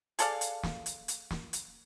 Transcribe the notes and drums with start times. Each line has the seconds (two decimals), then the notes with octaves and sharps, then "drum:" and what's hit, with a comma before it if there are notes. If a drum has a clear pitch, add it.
0.19 G#4 A4 D5 F5, drum: hi-hat
0.41 drum: hi-hat
0.63 drum: snare
0.86 drum: hi-hat
1.08 drum: hi-hat
1.31 drum: snare
1.53 drum: hi-hat